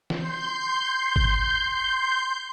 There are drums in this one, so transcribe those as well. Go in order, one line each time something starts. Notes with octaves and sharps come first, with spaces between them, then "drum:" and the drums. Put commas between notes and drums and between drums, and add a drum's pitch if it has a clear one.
C6 G6, drum: snare
drum: kick G1